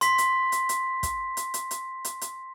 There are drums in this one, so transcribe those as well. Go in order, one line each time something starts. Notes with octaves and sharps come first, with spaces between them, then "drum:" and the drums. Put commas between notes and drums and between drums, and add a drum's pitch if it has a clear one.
C6 B6, drum: hi-hat
drum: hi-hat
drum: hi-hat
drum: hi-hat
drum: kick, hi-hat
drum: hi-hat
drum: hi-hat
drum: hi-hat
drum: hi-hat
drum: hi-hat